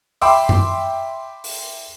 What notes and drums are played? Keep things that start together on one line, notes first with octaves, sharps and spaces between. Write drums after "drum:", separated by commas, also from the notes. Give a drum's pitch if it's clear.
E5 G5 B5 C6 D6 E6, drum: open hi-hat
drum: tom F#2
drum: open hi-hat